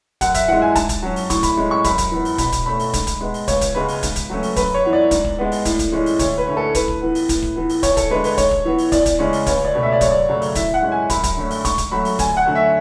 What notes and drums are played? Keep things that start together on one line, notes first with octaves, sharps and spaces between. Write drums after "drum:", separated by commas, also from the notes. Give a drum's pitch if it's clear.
F#2 F#5, drum: kick, hi-hat
E5, drum: kick, hi-hat
E3 G#3 F#5
G#5
G#2 A5, drum: kick, hi-hat
drum: kick, hi-hat
F#3 C#4
drum: open hi-hat
A2 C#6, drum: kick, hi-hat
B5, drum: kick, hi-hat
G#3 C#4
C#6
F#2 B5, drum: kick, hi-hat
drum: kick, hi-hat
E3 B3
drum: open hi-hat
B2 B5, drum: kick, hi-hat
drum: kick, hi-hat
A3 C#4 B5
drum: open hi-hat
G#2, drum: kick, hi-hat
drum: kick, hi-hat
G#3 B3
drum: open hi-hat
C#2 C#5, drum: kick, hi-hat
drum: kick, hi-hat
C#3 G#3 B3 B4
drum: open hi-hat
G#2, drum: kick, hi-hat
drum: kick, hi-hat
F#3 A3 C#4
drum: open hi-hat
F#2 B4, drum: kick, hi-hat
C#5
E3 B3
D5
G#2, drum: kick, hi-hat
drum: kick
G#3 B3
drum: open hi-hat
A2, drum: kick, hi-hat
drum: kick, hi-hat
E3 G#3 C#4
drum: open hi-hat
D2 C#5, drum: kick, hi-hat
B4
D3 A3 C#4
A4
A2 B4, drum: kick, hi-hat
drum: kick
E3 B3
drum: open hi-hat
A2, drum: kick, hi-hat
drum: kick
E3 B3
drum: open hi-hat
E2 C#5, drum: kick, hi-hat
A4, drum: kick, hi-hat
D3 G#3 B4
B4, drum: open hi-hat
G#2 C#5, drum: kick, hi-hat
drum: kick
E3 B3
drum: open hi-hat
E2 D5, drum: kick, hi-hat
drum: kick, hi-hat
C#3 G#3 C#4
drum: open hi-hat
C#2 C#5, drum: kick, hi-hat
D5
B2 A3 C#4
E5
D5
F#2 C#5, drum: kick, hi-hat
D5
C#3 F#3 A3
drum: open hi-hat
A2 E5, drum: kick, hi-hat
F#5
G#3 C#4
G#5
F#2 B5, drum: kick, hi-hat
drum: kick, hi-hat
D3 A3 C#4
drum: open hi-hat
G#2 C#6, drum: kick, hi-hat
drum: kick, hi-hat
F#3 A3 C#4 B5
drum: open hi-hat
D2 G#5, drum: kick, hi-hat
F#5
D3 F#3 A3
E5